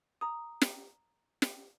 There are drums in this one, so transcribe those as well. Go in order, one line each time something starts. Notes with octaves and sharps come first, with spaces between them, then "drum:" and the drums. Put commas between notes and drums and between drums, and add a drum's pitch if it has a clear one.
A#5 D#6
drum: snare
drum: snare